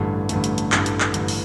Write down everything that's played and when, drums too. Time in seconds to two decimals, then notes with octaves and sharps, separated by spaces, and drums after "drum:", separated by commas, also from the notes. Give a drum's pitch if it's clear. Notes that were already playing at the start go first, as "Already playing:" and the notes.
Already playing: A1 G2 D3 A3
0.29 A1 G2 D3 A3, drum: hi-hat
0.44 drum: hi-hat
0.58 drum: hi-hat
0.72 A1 G2 D3 A3, drum: clap
0.86 drum: hi-hat
1.00 drum: clap
1.14 A1 G2 D3 A3, drum: hi-hat
1.28 drum: open hi-hat